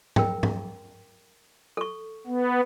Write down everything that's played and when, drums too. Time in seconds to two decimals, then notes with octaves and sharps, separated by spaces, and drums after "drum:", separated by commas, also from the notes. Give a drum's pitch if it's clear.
0.16 A#4 G5, drum: tom G#2
0.43 drum: tom G#2
1.77 A4 C#6
2.27 B3